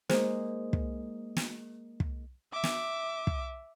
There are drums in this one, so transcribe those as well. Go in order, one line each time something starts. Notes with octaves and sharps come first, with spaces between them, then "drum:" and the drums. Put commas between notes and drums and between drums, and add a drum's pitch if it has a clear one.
G#3 A#3 D#4 C5, drum: snare
drum: kick
drum: snare
drum: kick
E5 D6
drum: snare
drum: kick